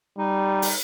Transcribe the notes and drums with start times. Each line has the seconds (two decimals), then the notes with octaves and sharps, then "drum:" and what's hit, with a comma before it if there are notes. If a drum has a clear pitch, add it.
0.18 G3 D#4
0.62 drum: open hi-hat